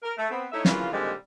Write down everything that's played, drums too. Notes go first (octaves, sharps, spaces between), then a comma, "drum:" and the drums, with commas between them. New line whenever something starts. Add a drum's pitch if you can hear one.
A#4
A3
B3 C4
A3 D#4 E4 C#5 E5
C#3 E3 F#3 A#3 F4, drum: snare
A#2 D3 D#3 G3 G#3 C4